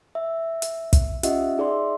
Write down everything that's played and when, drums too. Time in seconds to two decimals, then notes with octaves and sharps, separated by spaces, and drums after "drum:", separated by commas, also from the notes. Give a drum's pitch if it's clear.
0.15 E5
0.62 drum: hi-hat
0.93 drum: kick, hi-hat
1.23 C#4 F4 G4 D#5 E5 F#5, drum: hi-hat
1.58 D#4 G#4 D5 E5 C6